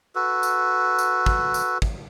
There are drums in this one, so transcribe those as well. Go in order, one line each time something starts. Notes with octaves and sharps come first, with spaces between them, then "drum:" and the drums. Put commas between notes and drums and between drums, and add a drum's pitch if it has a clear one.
F#4 A4 B4
drum: tambourine
drum: tambourine
drum: kick
drum: tambourine
drum: kick